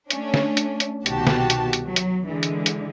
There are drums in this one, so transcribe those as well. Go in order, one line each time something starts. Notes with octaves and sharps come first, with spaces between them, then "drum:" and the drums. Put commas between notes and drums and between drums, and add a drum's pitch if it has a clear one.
A3 C#4 D4, drum: hi-hat
drum: snare
drum: hi-hat
drum: hi-hat
C2 B2 D#3 F#4 G4 A5, drum: hi-hat
drum: snare
drum: hi-hat
drum: hi-hat
F#3
drum: hi-hat
D3 E3 G#3
drum: hi-hat
drum: hi-hat